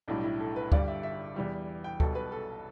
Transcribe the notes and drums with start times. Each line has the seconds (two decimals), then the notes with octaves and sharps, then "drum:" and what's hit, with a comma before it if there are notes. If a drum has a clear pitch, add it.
0.08 B1 A2 G3 D4
0.24 E4
0.41 A4
0.56 B4
0.72 G1 G2 G3 D5, drum: kick D2
0.88 E5
1.03 E5
1.36 E2 E3 G3
1.84 G5
2.00 B1 B2 G3 A4, drum: kick D2
2.15 B4
2.32 A4